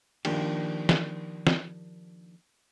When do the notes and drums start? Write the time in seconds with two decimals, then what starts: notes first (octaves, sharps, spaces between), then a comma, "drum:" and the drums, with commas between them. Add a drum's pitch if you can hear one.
0.25 D#3 F3 A#3 D4 G4, drum: cymbal
0.89 drum: snare
1.47 drum: snare